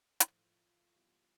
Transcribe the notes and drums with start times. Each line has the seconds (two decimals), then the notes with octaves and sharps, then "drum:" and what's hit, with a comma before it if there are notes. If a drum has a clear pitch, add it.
0.20 A2 F3 A3 F4, drum: hi-hat
0.96 E3 G3 B3